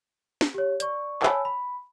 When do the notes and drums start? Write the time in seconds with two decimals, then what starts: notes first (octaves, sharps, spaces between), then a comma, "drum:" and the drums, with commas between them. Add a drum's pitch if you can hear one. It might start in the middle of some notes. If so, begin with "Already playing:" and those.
0.41 drum: snare
0.54 G4 C#5
0.80 D5 C#6, drum: hi-hat
1.23 C#5 G#5 A5 B5 E6, drum: clap
1.45 B5